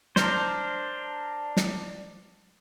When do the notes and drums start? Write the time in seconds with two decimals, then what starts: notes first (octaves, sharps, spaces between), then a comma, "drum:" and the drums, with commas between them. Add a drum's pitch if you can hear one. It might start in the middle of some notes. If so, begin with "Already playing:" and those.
0.16 D4 A#4 C5, drum: snare
1.57 drum: snare